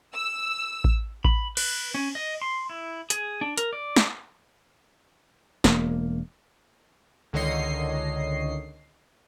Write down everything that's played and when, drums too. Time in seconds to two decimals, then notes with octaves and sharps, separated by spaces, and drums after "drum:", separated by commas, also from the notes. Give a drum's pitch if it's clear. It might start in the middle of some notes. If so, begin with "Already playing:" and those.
0.14 E6
0.84 drum: kick A1
1.25 B5, drum: kick A1
1.57 B4, drum: cymbal
1.94 C#4
2.15 D#5
2.42 C6
2.70 E4
3.10 G#4, drum: hi-hat
3.41 D4
3.58 A#4, drum: hi-hat
3.73 D5
3.96 drum: snare
5.64 E1 A#3, drum: snare
7.33 C#2 D3 D#3 C#5 D#5 C7